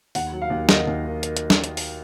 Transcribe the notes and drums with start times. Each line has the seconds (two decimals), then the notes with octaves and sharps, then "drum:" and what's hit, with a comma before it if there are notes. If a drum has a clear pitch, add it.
0.15 D#2 F#5, drum: open hi-hat
0.32 F#3
0.42 F5
0.50 D#2
0.69 D#3 D#5, drum: snare
0.87 D#2
1.05 D#3
1.23 drum: hi-hat
1.37 drum: hi-hat
1.50 drum: snare
1.64 drum: hi-hat
1.77 drum: open hi-hat